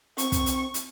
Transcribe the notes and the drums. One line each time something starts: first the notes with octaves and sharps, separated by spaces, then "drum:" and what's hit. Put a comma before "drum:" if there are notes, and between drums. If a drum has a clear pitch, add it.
C4 C#6, drum: hi-hat
drum: kick, hi-hat
drum: hi-hat
drum: hi-hat